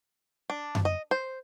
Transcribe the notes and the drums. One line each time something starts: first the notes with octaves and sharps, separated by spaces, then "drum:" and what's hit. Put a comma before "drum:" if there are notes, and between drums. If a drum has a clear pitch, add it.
D4
drum: tom F#2
D#5
C5